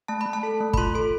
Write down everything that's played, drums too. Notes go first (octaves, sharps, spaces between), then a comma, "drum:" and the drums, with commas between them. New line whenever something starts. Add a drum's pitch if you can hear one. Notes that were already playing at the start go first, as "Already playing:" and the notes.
A3 A5
B5
A3
A5
A4
A3
B5, drum: kick
F4 C6
A4 C6